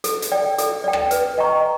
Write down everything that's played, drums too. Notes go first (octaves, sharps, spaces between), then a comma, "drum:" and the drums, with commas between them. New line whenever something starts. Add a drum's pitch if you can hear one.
A4, drum: hi-hat
drum: hi-hat
D5 G5
A4, drum: hi-hat
D5 G5
drum: rim click
B4, drum: hi-hat
D#5 G5 A#5 C#6